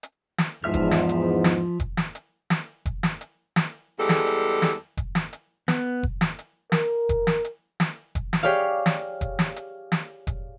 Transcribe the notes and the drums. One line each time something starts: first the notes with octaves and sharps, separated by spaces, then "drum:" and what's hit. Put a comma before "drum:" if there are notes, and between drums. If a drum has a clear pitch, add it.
drum: hi-hat
drum: snare
E2 G#2 F3 E5 F6
drum: kick F1, hi-hat
drum: snare
drum: hi-hat
drum: snare
drum: kick F1, hi-hat
drum: snare
drum: hi-hat
drum: snare
drum: kick F1, hi-hat
drum: snare
drum: hi-hat
drum: snare
E2 G3 G#3 A4
drum: snare
drum: hi-hat
drum: snare
drum: kick F1, hi-hat
drum: snare
drum: hi-hat
B3, drum: snare
drum: kick F1
drum: snare
drum: hi-hat
A#4, drum: snare
drum: kick F1, hi-hat
drum: snare
drum: hi-hat
drum: snare
drum: kick F1, hi-hat
drum: snare
G4 G#4 C#5 D5 F5
drum: snare
drum: kick F1, hi-hat
drum: snare
drum: hi-hat
drum: snare
drum: kick F1, hi-hat